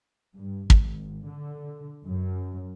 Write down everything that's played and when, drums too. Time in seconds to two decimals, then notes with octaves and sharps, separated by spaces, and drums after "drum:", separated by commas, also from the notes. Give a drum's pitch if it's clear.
0.35 G2
0.70 G#1, drum: kick
1.26 D3
2.04 F#2